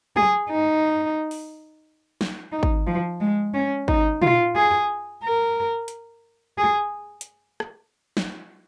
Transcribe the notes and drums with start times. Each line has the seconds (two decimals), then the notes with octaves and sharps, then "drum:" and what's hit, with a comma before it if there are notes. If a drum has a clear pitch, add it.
0.16 G#4, drum: tom
0.50 D#4
1.31 drum: open hi-hat
2.21 drum: snare
2.52 D#4
2.63 drum: kick G#1
2.87 F3
3.20 G#3
3.54 C#4
3.88 D#4, drum: kick G#1
4.22 F4, drum: tom
4.56 G#4
5.24 A#4
5.88 drum: hi-hat
6.58 G#4
7.21 drum: hi-hat
7.60 drum: rim click
8.17 drum: snare